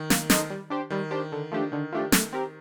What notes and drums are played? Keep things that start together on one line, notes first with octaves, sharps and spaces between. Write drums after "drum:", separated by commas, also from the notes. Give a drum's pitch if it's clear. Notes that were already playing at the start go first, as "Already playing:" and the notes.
Already playing: D#3
A#3, drum: snare
D#4 A4 C5 D#5, drum: snare
G3
D4 G4 C5
D#3 G3
D4 G4 C5
D3
F3 A3 D4 G4
D3 D#3
F3 A3 D4 G4
A3, drum: snare
C4 G4 A#4